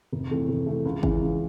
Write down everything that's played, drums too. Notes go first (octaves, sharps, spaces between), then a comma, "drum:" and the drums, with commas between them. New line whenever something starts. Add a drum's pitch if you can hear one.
F1
F2 E3 A3
F1
F2 E3 A3
C#2
C#3 E3, drum: kick
C#2